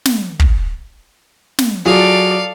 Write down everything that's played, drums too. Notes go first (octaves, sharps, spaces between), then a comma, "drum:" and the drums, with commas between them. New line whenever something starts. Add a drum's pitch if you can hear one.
drum: snare
drum: kick
drum: snare
F#3 F4 G#4 A4 D5 F5